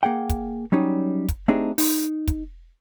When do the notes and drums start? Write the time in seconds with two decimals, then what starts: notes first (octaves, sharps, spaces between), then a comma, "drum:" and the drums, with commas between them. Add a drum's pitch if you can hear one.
0.03 A#3 G#4 F#5 G5
0.29 drum: kick, hi-hat
0.72 F#3 G3 C#4 D#4
1.28 drum: kick, hi-hat
1.48 A3 C4 D4 D#4 G4 G#4
1.78 D#4, drum: open hi-hat
2.27 drum: kick, hi-hat